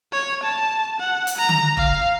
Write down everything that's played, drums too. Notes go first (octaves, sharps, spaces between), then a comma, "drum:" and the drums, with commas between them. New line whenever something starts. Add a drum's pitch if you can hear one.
C#5
A5
F#5
drum: hi-hat
A#5
drum: tom D3
F5, drum: kick F1